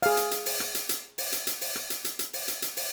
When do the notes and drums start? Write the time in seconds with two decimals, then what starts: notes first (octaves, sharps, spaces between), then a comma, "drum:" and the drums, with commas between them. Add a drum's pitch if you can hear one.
0.02 G#4 F5, drum: open hi-hat
0.17 drum: hi-hat
0.31 drum: hi-hat
0.46 drum: open hi-hat
0.60 drum: rim click
0.75 drum: hi-hat
0.89 drum: hi-hat
1.18 drum: open hi-hat
1.32 drum: hi-hat
1.47 drum: hi-hat
1.61 drum: open hi-hat
1.76 drum: rim click
1.90 drum: hi-hat
2.04 drum: hi-hat
2.19 drum: hi-hat
2.33 drum: open hi-hat
2.48 drum: hi-hat
2.62 drum: hi-hat
2.77 drum: open hi-hat